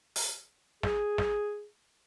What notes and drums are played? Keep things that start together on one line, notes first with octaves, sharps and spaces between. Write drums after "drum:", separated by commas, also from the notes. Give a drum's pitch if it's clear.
drum: open hi-hat
G#4, drum: snare
drum: snare